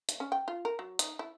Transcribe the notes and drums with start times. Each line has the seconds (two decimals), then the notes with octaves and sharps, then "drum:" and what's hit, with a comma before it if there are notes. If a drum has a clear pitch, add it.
0.09 drum: hi-hat
0.20 C#4
0.32 G5
0.48 F4
0.65 A#4
0.79 F#3
0.99 D#4, drum: hi-hat
1.19 E4